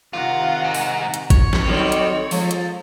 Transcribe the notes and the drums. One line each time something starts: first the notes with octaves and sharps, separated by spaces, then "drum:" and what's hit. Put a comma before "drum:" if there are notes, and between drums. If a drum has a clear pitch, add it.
C3 D#3 F4 F#5 A#5
G#2 D#4
drum: open hi-hat
drum: hi-hat
C#5, drum: kick G#1, hi-hat
drum: snare
D#3 F#3 G3 C4 A4
drum: hi-hat
F3 G#3, drum: open hi-hat
drum: hi-hat